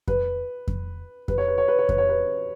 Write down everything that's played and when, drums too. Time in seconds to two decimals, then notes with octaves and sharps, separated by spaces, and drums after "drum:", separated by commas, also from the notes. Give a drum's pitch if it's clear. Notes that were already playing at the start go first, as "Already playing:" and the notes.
0.08 B4, drum: kick F2
0.68 drum: kick F2
1.28 B4, drum: kick F2
1.38 C#5
1.48 B4
1.58 C#5
1.68 B4
1.79 C#5
1.89 B4, drum: kick F2
1.98 C#5
2.09 B4